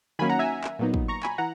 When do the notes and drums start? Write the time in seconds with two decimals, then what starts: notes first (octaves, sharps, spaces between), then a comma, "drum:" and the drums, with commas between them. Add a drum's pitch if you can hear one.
0.19 D#3 F#3 A#3 C#4 G#5 B5
0.29 F#5 A#5
0.39 E5 G#5
0.64 drum: clap
0.79 A#2 F#3 B3 D#4
0.94 drum: kick
1.08 A#5 C#6
1.23 G#5 B5, drum: clap
1.38 E3 F#5 A#5